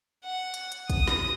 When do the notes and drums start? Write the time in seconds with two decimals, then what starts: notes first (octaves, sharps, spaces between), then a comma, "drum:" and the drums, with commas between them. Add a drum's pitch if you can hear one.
0.24 F#5
0.54 drum: hi-hat
0.72 drum: hi-hat
0.90 D#6, drum: kick, hi-hat
1.07 drum: snare